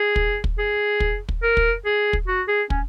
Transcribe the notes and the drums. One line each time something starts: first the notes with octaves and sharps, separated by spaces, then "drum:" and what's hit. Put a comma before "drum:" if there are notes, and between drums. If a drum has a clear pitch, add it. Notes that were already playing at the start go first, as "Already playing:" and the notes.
Already playing: G#4
drum: kick
drum: kick
G#4
drum: kick
drum: kick
A#4
drum: kick
G#4
drum: kick
F#4
G#4
C#4, drum: kick